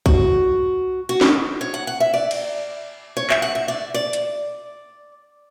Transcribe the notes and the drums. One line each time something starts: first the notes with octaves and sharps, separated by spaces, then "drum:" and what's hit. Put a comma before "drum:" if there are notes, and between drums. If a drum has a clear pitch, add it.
F#4, drum: kick
F#4
drum: snare
C#5
F#5
F#5
E5
D5
drum: cymbal
C#5
E5, drum: clap
F#5
E5
D5
D5
drum: hi-hat